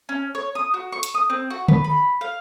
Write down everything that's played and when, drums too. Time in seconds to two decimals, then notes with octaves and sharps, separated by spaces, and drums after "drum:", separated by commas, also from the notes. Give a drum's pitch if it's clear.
0.09 C#4
0.35 C#5
0.55 D#6
0.74 F#4
0.92 C#6
1.03 drum: hi-hat
1.14 D#6
1.30 C4
1.50 F#4
1.68 B4, drum: tom
1.84 B5
2.21 F5